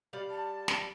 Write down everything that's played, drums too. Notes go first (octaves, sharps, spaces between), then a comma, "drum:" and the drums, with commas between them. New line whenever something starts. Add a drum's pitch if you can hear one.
G3 D5 F5
A5
drum: snare